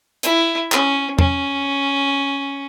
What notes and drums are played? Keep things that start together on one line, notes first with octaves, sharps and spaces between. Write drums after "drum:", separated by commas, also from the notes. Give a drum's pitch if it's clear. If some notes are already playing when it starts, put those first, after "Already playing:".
E4, drum: hi-hat
C#4, drum: clap
C#4, drum: tom E2